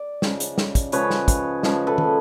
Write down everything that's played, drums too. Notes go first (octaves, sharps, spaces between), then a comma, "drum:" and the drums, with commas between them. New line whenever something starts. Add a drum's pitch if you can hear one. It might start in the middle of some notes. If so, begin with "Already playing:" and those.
Already playing: D5
C#3 F3 G#3, drum: snare
drum: hi-hat
drum: snare
drum: kick, hi-hat
C#3 F3 G#3 B4 C#5, drum: hi-hat
drum: snare
drum: kick, hi-hat
C#3 F3 G#3, drum: snare
A4 B4
drum: tom